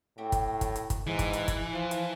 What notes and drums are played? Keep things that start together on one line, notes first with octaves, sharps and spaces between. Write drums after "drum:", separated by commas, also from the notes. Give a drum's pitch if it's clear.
A2 C4 F#4 G4
drum: kick, hi-hat
drum: kick, hi-hat
drum: hi-hat
drum: kick, hi-hat
G#2 E3 D4 G4 F5
drum: kick, hi-hat
drum: hi-hat
drum: kick, hi-hat
F3 A4 F#6
drum: hi-hat